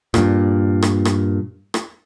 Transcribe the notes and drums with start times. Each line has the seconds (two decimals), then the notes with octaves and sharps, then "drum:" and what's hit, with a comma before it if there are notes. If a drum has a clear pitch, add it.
0.14 G2 A#2, drum: rim click
0.82 drum: rim click
1.05 drum: rim click
1.74 drum: rim click